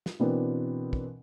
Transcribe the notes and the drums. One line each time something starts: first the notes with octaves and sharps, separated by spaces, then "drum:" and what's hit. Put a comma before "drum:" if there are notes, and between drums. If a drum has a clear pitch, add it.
drum: snare
B2 E3 B3 C4 D4 A#4
drum: kick